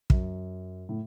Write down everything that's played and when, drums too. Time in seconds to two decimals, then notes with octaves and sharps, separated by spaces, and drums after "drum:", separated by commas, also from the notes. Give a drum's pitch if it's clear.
0.10 F#2, drum: kick
0.89 A2